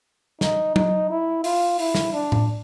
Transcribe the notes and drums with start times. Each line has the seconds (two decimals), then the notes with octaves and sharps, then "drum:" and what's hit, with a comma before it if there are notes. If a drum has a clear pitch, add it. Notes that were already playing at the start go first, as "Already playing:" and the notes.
0.41 D#4, drum: snare
0.76 D#4, drum: tom F#3
1.10 E4
1.44 F4, drum: open hi-hat
1.79 E4, drum: open hi-hat
1.95 drum: snare
2.13 D4
2.32 drum: tom A2